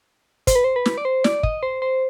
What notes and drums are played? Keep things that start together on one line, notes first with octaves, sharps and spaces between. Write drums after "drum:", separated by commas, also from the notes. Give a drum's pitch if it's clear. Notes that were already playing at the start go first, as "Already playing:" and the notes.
C5, drum: kick, hi-hat
B4
C5
B4
drum: snare
D5
C5
D5, drum: snare
D#5, drum: kick
C5
C5